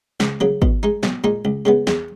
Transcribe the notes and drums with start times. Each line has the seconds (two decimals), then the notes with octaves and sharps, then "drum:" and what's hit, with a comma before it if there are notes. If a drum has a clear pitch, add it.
0.20 C#2, drum: snare
0.40 C#3 F#3 A#3
0.62 B2, drum: kick G#1
0.83 G#3 D#4
1.03 B1, drum: snare
1.24 A#2 G#3 D#4
1.45 C#2
1.65 C#3 G#3 B3
1.87 E2, drum: snare